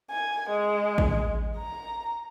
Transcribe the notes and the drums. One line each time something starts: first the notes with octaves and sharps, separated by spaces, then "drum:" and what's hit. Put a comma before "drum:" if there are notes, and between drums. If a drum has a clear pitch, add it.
G#5
G#3
drum: kick A1
A#5